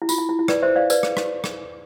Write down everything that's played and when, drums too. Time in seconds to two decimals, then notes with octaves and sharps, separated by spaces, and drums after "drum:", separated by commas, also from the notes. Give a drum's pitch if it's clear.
0.02 E4
0.09 F4, drum: tambourine
0.18 E4
0.29 E4
0.39 E4
0.48 B4 D5, drum: rim click
0.62 C5 E5
0.76 D5 F5
0.90 B4 D5, drum: tambourine
1.03 drum: rim click
1.17 drum: rim click
1.44 drum: rim click